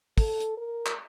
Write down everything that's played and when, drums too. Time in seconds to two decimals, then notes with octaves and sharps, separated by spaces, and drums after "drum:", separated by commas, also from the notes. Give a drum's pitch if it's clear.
0.18 A4, drum: kick, open hi-hat
0.40 drum: hi-hat
0.57 A#4
0.86 drum: clap